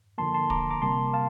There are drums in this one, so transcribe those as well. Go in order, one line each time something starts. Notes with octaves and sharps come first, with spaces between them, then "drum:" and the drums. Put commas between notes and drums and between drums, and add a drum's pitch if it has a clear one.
D3 F3 A#3 A5 C6
A5 C6
A#5 D6, drum: kick D1
A#5 D6
C3 G3 A#3 A5 C6
F5 A5